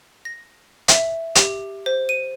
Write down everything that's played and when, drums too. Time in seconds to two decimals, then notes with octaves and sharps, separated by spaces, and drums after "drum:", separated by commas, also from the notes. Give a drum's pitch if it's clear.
0.25 A#6
0.88 E5, drum: hi-hat
1.35 G4, drum: hi-hat
1.86 C5
2.09 D#7